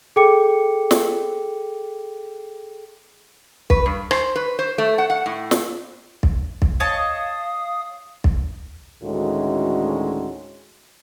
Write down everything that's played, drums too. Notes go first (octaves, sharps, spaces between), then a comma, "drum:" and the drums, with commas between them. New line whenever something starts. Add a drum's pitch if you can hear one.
G#4 A4 G5 D6 C#7
drum: snare
B4, drum: kick
G2
C5, drum: rim click
B4
C5
A3
F#5
F#5
A2
drum: snare
drum: kick
drum: kick
C#5 D#5 F5 A5 D#6
drum: kick
D2 A2 D#3 G#3 C#4 F#4